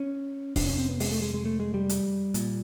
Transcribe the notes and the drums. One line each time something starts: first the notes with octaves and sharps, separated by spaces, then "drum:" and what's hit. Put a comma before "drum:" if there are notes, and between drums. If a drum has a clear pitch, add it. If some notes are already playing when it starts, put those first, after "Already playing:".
Already playing: C#4
F2 C3 D4, drum: kick D#1, open hi-hat
C#4
C4
B3
G#3, drum: open hi-hat
A3
G#3
G#3
A3
G#3
G3
drum: hi-hat
A#2, drum: hi-hat